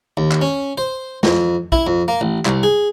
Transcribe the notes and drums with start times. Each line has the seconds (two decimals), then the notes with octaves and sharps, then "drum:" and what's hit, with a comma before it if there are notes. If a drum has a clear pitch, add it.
0.17 D#2
0.31 drum: clap
0.42 C#4
0.78 C5
1.23 F2, drum: snare
1.72 E4, drum: kick
1.87 F2
2.08 A#3
2.21 A1
2.45 C2, drum: clap
2.63 G#4